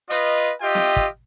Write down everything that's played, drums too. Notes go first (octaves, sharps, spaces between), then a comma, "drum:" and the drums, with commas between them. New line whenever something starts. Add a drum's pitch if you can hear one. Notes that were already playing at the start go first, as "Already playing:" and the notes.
F4 B4 D#5, drum: hi-hat
F4 G4 D#5 E5 G5
drum: snare C4
drum: kick